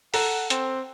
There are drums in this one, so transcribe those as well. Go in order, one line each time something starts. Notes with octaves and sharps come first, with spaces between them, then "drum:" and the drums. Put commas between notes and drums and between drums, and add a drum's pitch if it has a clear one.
A4 F#5 A#5 F#6, drum: open hi-hat
C4, drum: hi-hat